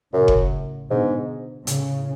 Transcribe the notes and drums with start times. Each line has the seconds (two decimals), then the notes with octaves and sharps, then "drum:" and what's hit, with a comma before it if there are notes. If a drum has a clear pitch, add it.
0.13 F#2 A2 C#3
0.28 drum: kick F#1
0.90 G#2 B2 D3
1.67 A2 C#3, drum: hi-hat